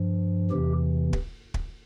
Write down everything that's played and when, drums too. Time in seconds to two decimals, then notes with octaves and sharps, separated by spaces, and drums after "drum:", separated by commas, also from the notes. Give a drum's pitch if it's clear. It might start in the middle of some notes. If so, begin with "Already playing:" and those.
Already playing: G2 F3
0.51 E2 C3 E3 G4
1.13 drum: kick
1.54 drum: kick